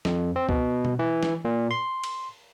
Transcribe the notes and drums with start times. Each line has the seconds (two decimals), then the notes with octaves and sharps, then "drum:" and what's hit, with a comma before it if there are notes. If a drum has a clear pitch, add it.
0.05 F2, drum: snare
0.36 C4
0.49 B2, drum: kick C#2
0.85 drum: tom B2
0.99 E3
1.23 drum: snare
1.45 A#2
1.71 C6
2.04 drum: cymbal